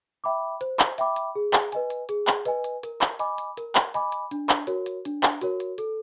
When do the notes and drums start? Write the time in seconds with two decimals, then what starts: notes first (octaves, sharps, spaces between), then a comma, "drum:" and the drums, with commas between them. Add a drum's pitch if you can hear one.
0.24 E5 G5 B5 D6
0.61 C5, drum: hi-hat
0.79 drum: clap
0.98 E5 G5 B5 D6, drum: hi-hat
1.16 drum: hi-hat
1.35 G#4
1.53 drum: clap
1.72 B4 D#5 G#5, drum: hi-hat
1.90 drum: hi-hat
2.09 G#4, drum: hi-hat
2.27 drum: clap
2.45 B4 D#5 G#5, drum: hi-hat
2.64 drum: hi-hat
2.83 A#4, drum: hi-hat
3.01 drum: clap
3.19 D#5 G#5 B5 D6, drum: hi-hat
3.38 drum: hi-hat
3.57 A#4, drum: hi-hat
3.75 drum: clap
3.94 D#5 G#5 B5 D6, drum: hi-hat
4.12 drum: hi-hat
4.31 D4, drum: hi-hat
4.49 drum: clap
4.67 F#4 A#4 C#5, drum: hi-hat
4.86 drum: hi-hat
5.05 D4, drum: hi-hat
5.23 drum: clap
5.41 F#4 A#4 C#5, drum: hi-hat
5.60 drum: hi-hat
5.78 A4, drum: hi-hat